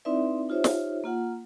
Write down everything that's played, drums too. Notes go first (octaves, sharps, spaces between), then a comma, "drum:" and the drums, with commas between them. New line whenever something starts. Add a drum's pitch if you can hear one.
C4 D#4 E4 B4 D5 E5
D#4 F4 G4 C5 C#5 E5
drum: snare
A#3 F4 F#5